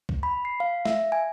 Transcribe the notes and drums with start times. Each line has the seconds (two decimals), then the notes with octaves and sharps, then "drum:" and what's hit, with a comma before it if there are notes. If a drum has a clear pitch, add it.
0.09 drum: kick
0.23 B5
0.45 C7
0.60 F5
0.85 E5, drum: snare
1.12 G#5